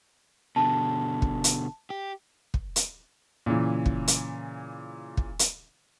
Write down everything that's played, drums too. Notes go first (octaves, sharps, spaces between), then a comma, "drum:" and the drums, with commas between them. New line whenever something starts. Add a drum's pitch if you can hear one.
B2 D3 A5
drum: kick
drum: hi-hat
G4
drum: kick
drum: hi-hat
A#2 C#3 E3
drum: kick
drum: hi-hat
drum: kick
drum: hi-hat